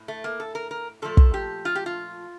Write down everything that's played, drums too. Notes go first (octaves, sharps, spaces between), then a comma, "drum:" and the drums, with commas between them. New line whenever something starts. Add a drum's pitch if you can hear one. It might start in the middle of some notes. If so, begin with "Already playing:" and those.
Already playing: A2
A3
A#3
A4
A#4
A#4
A#2 F3 A3 A4
drum: kick
G4
F4
G4
F4